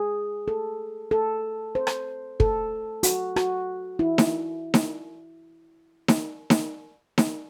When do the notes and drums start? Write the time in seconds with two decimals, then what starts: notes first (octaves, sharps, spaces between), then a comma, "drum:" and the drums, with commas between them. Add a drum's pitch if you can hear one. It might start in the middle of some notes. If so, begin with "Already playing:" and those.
Already playing: G#4
0.48 A4
1.11 A4
1.75 C5
1.87 drum: rim click
2.40 A4, drum: kick
3.03 F#4, drum: hi-hat
3.36 F#4, drum: rim click
3.99 E4
4.18 drum: snare D#4
4.74 drum: snare D#4
6.08 drum: snare D#4
6.50 drum: snare D#4
7.18 drum: snare D#4